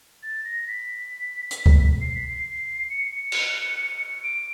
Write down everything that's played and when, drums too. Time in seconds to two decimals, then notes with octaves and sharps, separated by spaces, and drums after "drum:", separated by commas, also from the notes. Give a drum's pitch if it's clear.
0.23 A6
0.45 A#6
0.68 B6
1.51 drum: hi-hat
1.66 drum: kick C#2
2.01 C7
2.15 B6
2.28 C7
2.89 C#7
3.11 C#7
3.32 drum: cymbal
4.24 D7